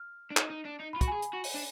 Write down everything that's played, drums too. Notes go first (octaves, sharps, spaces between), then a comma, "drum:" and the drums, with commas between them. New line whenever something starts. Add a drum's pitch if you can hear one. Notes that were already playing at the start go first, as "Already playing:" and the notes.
Already playing: F6
D4
D#4, drum: clap
D#4
D4
D#4
F4 B5
F#4, drum: kick, hi-hat
G#4 G#5
drum: hi-hat
F#4
drum: open hi-hat
D4